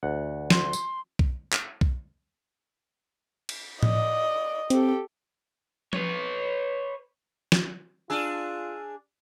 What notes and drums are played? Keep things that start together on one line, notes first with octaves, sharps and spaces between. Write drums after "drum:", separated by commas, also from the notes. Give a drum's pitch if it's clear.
D2 F#5
C6, drum: snare
drum: tambourine
drum: kick B1
drum: clap
drum: kick B1
drum: cymbal
D5 D#5, drum: tom A2
C4 G4 A4, drum: hi-hat
B4 C#5, drum: tom F3
drum: snare
D4 F4 G#4 E6 F6 D#7